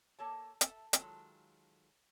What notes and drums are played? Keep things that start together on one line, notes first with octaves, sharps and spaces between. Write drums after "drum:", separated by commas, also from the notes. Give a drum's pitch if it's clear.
A#3 A4 C#5 A5
A4 E5, drum: hi-hat
D#3 F#3 G#3 F4 A4, drum: hi-hat